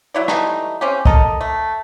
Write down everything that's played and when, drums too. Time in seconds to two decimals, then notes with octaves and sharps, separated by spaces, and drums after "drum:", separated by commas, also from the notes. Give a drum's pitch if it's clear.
0.14 F#3 E4 C#5 D5
0.28 E3 G3 A3 D#4, drum: rim click
0.81 C4 C#4 G4
1.05 A4 A#4 D#5, drum: kick
1.41 A3